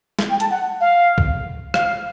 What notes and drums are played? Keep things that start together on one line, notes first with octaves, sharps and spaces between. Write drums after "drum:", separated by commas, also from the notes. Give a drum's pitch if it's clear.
drum: snare
G5
A5, drum: hi-hat
F#5
F5
drum: kick
F5, drum: rim click